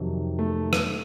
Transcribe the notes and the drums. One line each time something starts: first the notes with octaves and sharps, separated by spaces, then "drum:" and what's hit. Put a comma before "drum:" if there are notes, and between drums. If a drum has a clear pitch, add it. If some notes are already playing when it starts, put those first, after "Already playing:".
Already playing: F2 C3 D#3 F#3
A3
drum: rim click